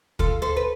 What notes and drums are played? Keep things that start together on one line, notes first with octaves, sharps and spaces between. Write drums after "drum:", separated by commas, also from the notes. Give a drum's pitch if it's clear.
F4 A4, drum: kick
A4 C5
B4